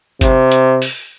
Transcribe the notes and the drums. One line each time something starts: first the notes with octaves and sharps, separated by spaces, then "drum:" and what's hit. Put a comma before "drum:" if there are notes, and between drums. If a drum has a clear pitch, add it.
C3, drum: kick, hi-hat
drum: hi-hat
drum: open hi-hat